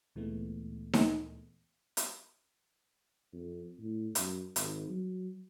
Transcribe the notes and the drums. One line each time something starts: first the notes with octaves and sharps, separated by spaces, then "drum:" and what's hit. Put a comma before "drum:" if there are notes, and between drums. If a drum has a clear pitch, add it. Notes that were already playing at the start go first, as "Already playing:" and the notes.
D2 A#2 E3 G#3 A3 B3
drum: snare D#4
drum: hi-hat
F2
A2
F#2, drum: hi-hat
G#1, drum: hi-hat
F#3